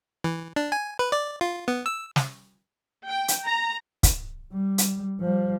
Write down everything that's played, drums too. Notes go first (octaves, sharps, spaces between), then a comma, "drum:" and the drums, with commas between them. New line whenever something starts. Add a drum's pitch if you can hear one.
E3
D4
G#5
B4
D5
F4
B3
E6
drum: snare
G5
drum: hi-hat
A#5
drum: kick, hi-hat
G3
drum: hi-hat
F3 G3